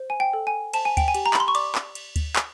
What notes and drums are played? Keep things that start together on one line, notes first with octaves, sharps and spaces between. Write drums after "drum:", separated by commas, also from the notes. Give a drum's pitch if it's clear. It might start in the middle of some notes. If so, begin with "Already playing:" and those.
Already playing: C5
G#5
G5
A4
G#5
C5 A5, drum: cymbal
G#5
G5, drum: kick D2, cymbal
G#5
G4, drum: cymbal
A#5
B5, drum: clap
C6
C#6
D5 D6, drum: cymbal
drum: clap
drum: cymbal
drum: kick D2, cymbal
drum: clap